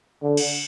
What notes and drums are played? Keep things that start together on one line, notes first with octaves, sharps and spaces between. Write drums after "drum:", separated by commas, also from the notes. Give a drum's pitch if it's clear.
D3
drum: cymbal